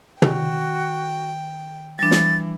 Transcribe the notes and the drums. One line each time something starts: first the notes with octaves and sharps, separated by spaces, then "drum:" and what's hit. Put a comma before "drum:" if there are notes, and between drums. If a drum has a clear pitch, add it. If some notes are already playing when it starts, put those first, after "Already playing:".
D#3 F#4 G5, drum: tom
E3 G3 D4 A6
drum: snare